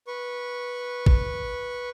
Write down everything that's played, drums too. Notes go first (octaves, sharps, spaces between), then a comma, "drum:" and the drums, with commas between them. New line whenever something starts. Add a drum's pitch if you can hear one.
B4 C#6
drum: kick